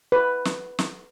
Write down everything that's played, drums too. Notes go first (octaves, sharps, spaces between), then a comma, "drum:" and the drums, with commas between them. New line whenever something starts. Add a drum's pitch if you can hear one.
B4
drum: snare
drum: snare